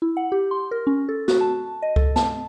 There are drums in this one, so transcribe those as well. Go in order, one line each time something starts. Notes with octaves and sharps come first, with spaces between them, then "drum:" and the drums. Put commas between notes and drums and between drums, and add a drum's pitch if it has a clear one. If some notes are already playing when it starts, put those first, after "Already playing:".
E4
F#5
G4
C6
A#4
C#4
A4
F#4, drum: snare
A5
D#5
A4, drum: kick C#2
A5, drum: snare